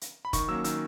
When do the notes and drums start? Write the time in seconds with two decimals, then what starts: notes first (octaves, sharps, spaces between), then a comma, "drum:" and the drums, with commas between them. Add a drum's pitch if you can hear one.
0.01 drum: hi-hat
0.25 B5
0.33 D#3 C#6, drum: kick, hi-hat
0.48 F#3 A#3 C#4 E6
0.64 D#3 E6, drum: hi-hat